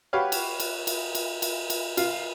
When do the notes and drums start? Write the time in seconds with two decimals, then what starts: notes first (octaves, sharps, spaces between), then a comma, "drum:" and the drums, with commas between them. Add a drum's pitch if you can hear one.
0.13 F#4 G4 B4 C#5 F5
0.32 drum: cymbal
0.60 drum: cymbal
0.87 drum: cymbal
1.15 drum: cymbal
1.42 drum: cymbal
1.70 drum: cymbal
1.97 F4, drum: cymbal